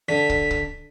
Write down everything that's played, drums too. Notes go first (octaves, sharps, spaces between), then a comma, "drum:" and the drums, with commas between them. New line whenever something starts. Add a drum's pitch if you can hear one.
D3 B6
drum: kick
drum: kick